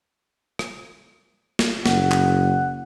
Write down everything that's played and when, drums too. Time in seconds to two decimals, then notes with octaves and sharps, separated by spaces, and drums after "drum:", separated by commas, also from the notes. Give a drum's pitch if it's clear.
0.59 drum: rim click
1.59 drum: snare
1.86 F#1 F#5, drum: snare
2.11 drum: clap